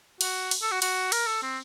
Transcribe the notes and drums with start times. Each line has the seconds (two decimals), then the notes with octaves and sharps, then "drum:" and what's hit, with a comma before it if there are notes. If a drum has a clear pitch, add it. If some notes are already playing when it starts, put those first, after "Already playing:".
0.21 F#4, drum: cymbal
0.51 drum: cymbal
0.62 A4
0.71 F#4
0.82 F#4, drum: cymbal
1.12 A#4, drum: cymbal
1.27 A4
1.43 C4